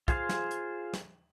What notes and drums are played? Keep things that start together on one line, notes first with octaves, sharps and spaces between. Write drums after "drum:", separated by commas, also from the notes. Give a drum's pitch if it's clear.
F4 G#4 C5 F5, drum: kick, hi-hat
drum: snare
drum: hi-hat
drum: snare